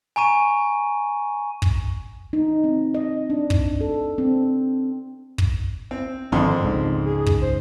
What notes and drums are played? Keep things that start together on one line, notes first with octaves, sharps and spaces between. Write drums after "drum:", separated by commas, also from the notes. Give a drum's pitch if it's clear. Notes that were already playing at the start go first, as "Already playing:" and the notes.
G#5 A#5 C#6 D#7
drum: kick
D#4
C4
D#5
D4
drum: kick
A4
C4
drum: kick
C4
G#1 F2 D3 C4 C6
C#2 G#2
G#4
drum: kick
C5